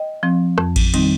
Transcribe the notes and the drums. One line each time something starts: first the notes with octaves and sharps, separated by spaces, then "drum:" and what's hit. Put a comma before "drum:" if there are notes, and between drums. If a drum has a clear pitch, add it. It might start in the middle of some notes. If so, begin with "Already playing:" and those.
Already playing: D#5 G5
F3 C4
F2, drum: rim click
drum: kick A1, cymbal
D#3 G3 C4 D#4, drum: cymbal